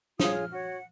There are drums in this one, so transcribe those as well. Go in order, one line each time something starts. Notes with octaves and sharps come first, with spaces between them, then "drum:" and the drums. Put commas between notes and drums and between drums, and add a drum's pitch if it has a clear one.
F4 G#4 C#5 D#6, drum: snare
F6
F#4 C#5 F#5